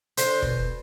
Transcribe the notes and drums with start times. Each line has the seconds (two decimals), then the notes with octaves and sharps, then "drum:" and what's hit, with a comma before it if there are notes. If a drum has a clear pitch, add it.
0.17 D3 C5, drum: hi-hat
0.42 B2, drum: kick